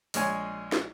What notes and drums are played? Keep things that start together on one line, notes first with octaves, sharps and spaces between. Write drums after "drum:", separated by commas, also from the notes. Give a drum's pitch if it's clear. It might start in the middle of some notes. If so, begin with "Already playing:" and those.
A#1 G#3 C#5 G#5, drum: open hi-hat
drum: snare